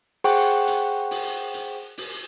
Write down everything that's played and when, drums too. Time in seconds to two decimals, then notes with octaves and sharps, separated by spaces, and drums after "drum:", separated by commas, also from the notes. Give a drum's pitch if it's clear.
0.24 G#4 C5 F#5 G5 C#6, drum: open hi-hat
0.68 drum: hi-hat
1.11 drum: open hi-hat
1.54 drum: hi-hat
1.97 drum: open hi-hat